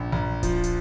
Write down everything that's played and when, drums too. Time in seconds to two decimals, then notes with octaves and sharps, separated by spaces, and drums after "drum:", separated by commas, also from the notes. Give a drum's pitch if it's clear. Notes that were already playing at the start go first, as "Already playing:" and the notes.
Already playing: A#1
0.12 A#1
0.43 F3, drum: kick D1, hi-hat
0.64 drum: hi-hat